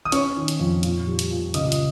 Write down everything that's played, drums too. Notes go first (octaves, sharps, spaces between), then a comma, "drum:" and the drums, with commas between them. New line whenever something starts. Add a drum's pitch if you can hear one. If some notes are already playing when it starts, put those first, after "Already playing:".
D#6
C#4 C#5 C#6, drum: hi-hat
D#3
drum: hi-hat
F2
A#2, drum: hi-hat
G3
drum: hi-hat
A#2
C#2 D#5 D#6, drum: hi-hat
drum: hi-hat